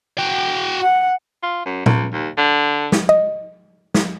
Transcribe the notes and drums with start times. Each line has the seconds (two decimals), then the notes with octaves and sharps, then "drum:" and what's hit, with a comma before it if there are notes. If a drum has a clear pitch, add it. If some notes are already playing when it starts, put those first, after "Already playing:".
0.19 F#4 G5
0.82 F#5
1.43 F4
1.66 F#2
1.86 C#2, drum: tom A#2
2.13 D#2
2.38 D3
2.92 drum: snare
3.09 D#5
3.94 drum: snare